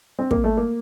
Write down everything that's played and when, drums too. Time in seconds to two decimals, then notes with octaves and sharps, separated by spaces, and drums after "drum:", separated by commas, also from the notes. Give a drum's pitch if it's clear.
0.19 C4
0.31 A#3, drum: kick
0.44 A3
0.57 A#3